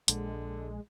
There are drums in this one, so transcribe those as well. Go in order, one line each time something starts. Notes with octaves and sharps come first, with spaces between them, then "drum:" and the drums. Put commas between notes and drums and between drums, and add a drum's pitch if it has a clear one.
A#1 D3 G#3, drum: hi-hat